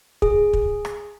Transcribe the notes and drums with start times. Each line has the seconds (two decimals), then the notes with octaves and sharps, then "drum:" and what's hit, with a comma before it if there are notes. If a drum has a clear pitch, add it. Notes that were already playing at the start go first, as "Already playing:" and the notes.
0.22 G#4, drum: kick
0.53 drum: kick
0.85 drum: rim click